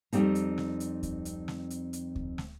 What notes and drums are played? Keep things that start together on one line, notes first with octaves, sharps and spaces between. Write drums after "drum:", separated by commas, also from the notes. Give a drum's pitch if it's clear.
F2 F#3 G3 C4 D#4, drum: hi-hat
drum: hi-hat
drum: snare
drum: hi-hat
drum: kick D2, hi-hat
drum: hi-hat
drum: snare
drum: hi-hat
drum: hi-hat
drum: kick D2
drum: snare